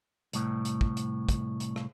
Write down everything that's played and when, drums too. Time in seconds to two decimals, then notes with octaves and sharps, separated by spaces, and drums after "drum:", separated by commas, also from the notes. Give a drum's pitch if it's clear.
0.33 C2 A2, drum: hi-hat
0.65 drum: hi-hat
0.81 drum: kick
0.97 drum: hi-hat
1.29 drum: kick, hi-hat
1.60 drum: hi-hat
1.76 drum: rim click